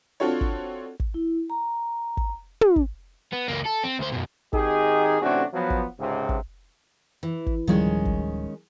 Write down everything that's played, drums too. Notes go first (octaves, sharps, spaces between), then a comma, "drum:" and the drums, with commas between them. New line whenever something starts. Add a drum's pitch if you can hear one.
C4 D4 F4 F#4 A4 C#5
drum: kick
drum: kick
E4
A#5
drum: kick
drum: tom
drum: kick
B3
C#2 A#3
A4
C4
D2 C5
F#2 B2
G#1 D#3 D#4 G4 G#4, drum: kick
A1 C3 A3 C#4 D4 F#4
F3 F#3 B3
drum: kick
C#2 G#2 C3
drum: kick
E3
drum: kick
D1 D#3 F3 G3 G#3 C#4
drum: kick